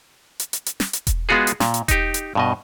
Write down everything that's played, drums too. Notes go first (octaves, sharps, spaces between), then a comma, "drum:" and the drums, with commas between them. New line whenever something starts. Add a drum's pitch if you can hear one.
drum: hi-hat
drum: hi-hat
drum: hi-hat
drum: snare
drum: hi-hat
drum: kick E1, hi-hat
G#3 B3 F4 F#4 G#4
drum: hi-hat
A#2, drum: snare
drum: hi-hat
D#4 G4, drum: kick E1, hi-hat
drum: hi-hat
G2 B2 D#5